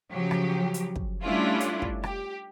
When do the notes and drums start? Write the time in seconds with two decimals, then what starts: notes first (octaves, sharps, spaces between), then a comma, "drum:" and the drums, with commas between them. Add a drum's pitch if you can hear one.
0.13 C#3 F3 F#3 G4
0.31 drum: rim click
0.74 drum: hi-hat
0.96 drum: kick
1.23 G3 A3 C#4 D4 E4 F4
1.60 drum: hi-hat
1.82 drum: kick
2.03 G4, drum: rim click